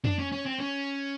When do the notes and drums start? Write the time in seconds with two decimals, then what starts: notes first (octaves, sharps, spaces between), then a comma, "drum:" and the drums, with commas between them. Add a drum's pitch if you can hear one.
0.04 D4, drum: tom F2
0.19 C#4
0.32 C#4
0.46 C4
0.60 C#4